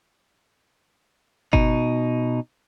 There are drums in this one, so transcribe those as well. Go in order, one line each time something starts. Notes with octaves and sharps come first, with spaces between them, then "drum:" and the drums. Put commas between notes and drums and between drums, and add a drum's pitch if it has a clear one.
B2 D#4, drum: kick G1